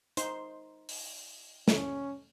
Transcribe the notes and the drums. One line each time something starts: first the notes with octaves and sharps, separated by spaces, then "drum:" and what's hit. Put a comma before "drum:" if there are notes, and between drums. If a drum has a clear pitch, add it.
D#4 C5 C6, drum: hi-hat
drum: open hi-hat
C#4, drum: snare